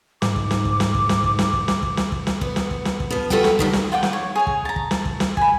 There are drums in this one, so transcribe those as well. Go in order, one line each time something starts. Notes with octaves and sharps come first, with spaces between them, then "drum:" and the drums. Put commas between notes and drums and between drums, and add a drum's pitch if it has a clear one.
G#2 D6, drum: snare
drum: kick
drum: snare
drum: kick
drum: snare
drum: kick
drum: snare
drum: kick
drum: snare
drum: kick
drum: snare
drum: kick
drum: snare
drum: kick
drum: snare
B3, drum: kick
drum: snare
drum: kick
drum: snare
drum: kick
F3 B3
F4 F#4 A4 B4 F#5 G5, drum: kick
drum: snare
B2 D#3 G3, drum: kick
drum: snare
F4 F#5 G5 D6
drum: snare
C#5
G#4 C#5 G#5
drum: kick
A5 A#5
drum: kick
drum: snare
drum: kick
drum: snare
G#5 B5, drum: kick